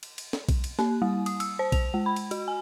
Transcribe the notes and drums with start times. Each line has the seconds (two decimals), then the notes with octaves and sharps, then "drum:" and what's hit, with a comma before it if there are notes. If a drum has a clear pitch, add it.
0.03 drum: cymbal
0.18 drum: cymbal
0.33 drum: snare
0.49 drum: kick B1, cymbal
0.64 drum: cymbal
0.79 A#3, drum: snare
1.02 G3
1.26 D#6, drum: cymbal
1.40 E6, drum: cymbal
1.59 C5
1.72 F7, drum: kick B1, cymbal
1.94 G#3
2.06 B5
2.16 drum: cymbal
2.31 F#4, drum: cymbal
2.48 G#5